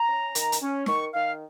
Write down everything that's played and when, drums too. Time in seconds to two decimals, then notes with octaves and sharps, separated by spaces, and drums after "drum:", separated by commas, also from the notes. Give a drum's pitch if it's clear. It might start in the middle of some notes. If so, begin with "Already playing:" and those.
Already playing: A#5
0.09 C#4
0.35 D#3, drum: hi-hat
0.52 drum: hi-hat
0.61 C#4
0.86 D#3 C#6, drum: snare
1.12 D#3 F5